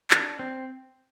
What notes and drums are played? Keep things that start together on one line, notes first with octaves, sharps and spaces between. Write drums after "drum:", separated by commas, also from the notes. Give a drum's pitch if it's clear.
D4, drum: clap
C4